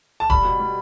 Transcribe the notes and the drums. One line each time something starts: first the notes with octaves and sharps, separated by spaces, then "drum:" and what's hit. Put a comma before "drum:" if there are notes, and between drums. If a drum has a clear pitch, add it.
A5
G3 B5, drum: kick E1
B2
G3